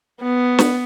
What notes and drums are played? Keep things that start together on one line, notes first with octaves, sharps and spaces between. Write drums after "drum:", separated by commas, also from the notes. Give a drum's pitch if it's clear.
B3
drum: snare